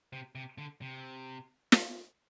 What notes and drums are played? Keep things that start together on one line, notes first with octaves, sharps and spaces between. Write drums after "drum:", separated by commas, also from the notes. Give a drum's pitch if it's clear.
C3
C3
D3
C3
drum: snare